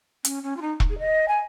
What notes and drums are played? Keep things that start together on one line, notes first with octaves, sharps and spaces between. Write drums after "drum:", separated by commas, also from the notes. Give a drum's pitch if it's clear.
C#4, drum: hi-hat
C#4
F4
D#4
drum: kick E1
G#4
D#5
G#5